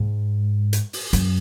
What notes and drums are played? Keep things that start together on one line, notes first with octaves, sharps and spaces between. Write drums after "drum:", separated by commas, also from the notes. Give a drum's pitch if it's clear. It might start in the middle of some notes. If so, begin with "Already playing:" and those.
Already playing: G#2
drum: hi-hat
drum: open hi-hat
F#2, drum: hi-hat